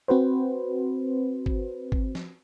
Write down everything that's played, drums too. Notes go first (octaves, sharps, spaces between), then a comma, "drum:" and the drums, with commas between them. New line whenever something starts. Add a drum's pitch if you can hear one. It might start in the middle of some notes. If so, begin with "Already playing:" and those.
C4 F#4 B4 C5
drum: kick G#1
drum: kick G#1
drum: snare